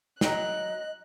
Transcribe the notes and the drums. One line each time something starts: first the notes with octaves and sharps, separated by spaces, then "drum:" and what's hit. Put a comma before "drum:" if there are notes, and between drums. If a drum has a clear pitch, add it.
F#3 D#5 G5 A#5 F#6, drum: snare